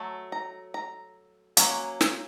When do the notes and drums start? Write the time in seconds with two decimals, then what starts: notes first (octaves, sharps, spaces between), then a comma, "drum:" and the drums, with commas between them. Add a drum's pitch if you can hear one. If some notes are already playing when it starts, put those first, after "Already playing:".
Already playing: F#3 A3
0.32 A#5
0.74 A#5
1.57 F#3 A#3 C#4, drum: hi-hat
2.01 drum: snare